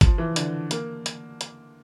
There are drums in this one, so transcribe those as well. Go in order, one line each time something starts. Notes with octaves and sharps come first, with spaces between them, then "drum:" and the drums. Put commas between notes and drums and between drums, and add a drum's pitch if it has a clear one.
F3, drum: kick, hi-hat
E3
D3, drum: hi-hat
A#3, drum: hi-hat
drum: hi-hat
drum: hi-hat